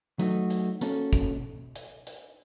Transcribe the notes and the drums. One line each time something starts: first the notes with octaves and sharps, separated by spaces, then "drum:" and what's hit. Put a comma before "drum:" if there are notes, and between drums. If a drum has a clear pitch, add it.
F#3 A3 D#4 F#4, drum: hi-hat
drum: hi-hat
A#3 C#4 F#4 A4, drum: hi-hat
drum: kick, hi-hat
drum: hi-hat
drum: hi-hat